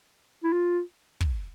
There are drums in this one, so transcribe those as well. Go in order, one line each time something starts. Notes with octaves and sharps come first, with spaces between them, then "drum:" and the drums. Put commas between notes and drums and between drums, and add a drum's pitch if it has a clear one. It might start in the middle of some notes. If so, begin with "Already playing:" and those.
E4
F4
drum: kick